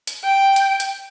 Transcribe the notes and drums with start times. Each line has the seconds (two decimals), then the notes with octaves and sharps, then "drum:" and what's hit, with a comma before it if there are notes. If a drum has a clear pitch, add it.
0.07 drum: hi-hat
0.24 G5
0.56 drum: hi-hat
0.80 drum: hi-hat